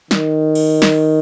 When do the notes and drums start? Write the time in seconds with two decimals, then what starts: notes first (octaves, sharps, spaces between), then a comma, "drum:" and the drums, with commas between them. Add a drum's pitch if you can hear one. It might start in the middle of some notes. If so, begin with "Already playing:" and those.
0.11 D#3, drum: snare
0.55 drum: cymbal
0.82 drum: snare